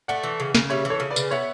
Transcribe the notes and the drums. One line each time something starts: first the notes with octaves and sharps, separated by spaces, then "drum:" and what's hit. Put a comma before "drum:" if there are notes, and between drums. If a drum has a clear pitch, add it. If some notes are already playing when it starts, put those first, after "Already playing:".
A3 D5 F#5
E3
C#3
C#3, drum: snare
G3 C#5 E5
E3
A4 C#5
C#3
B4 D5
C#3, drum: tambourine
B3 C#5 E5